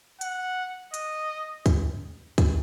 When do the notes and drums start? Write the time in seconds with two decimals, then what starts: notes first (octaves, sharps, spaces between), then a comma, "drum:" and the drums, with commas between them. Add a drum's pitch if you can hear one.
0.21 F#5, drum: hi-hat
0.94 D#5, drum: hi-hat
1.66 drum: kick, hi-hat
2.38 drum: kick, hi-hat